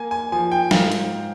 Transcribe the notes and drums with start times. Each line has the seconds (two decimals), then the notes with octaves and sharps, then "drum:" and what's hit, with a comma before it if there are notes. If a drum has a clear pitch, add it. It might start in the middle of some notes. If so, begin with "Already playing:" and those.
Already playing: A#3 G#5
0.11 G#5
0.32 F3 G#5
0.51 G5
0.71 G#2 F5, drum: snare
0.92 drum: hi-hat